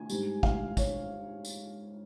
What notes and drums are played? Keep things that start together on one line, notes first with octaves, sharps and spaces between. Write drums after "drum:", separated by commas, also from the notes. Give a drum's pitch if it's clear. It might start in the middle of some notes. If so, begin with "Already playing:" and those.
Already playing: G#5
G#2 G3, drum: tambourine
F5, drum: kick
C#5, drum: kick, tambourine
drum: tambourine